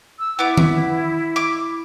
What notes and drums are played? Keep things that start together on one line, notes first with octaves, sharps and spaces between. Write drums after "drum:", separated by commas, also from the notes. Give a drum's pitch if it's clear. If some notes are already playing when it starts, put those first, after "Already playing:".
E6
B3 E4 D6
drum: tom D#3
D6